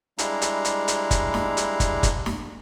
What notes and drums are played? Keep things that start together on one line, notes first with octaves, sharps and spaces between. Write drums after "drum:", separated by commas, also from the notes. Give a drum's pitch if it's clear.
G3 G#3 D4 E4 F5 A#5, drum: hi-hat
drum: hi-hat
drum: hi-hat
drum: hi-hat
drum: kick, hi-hat
drum: snare
drum: hi-hat
drum: kick, hi-hat
drum: kick, hi-hat
drum: snare